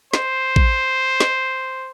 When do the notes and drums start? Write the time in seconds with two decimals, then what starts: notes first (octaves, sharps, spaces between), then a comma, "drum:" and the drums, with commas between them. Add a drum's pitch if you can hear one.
0.14 C5, drum: snare
0.56 drum: kick A1
1.20 drum: snare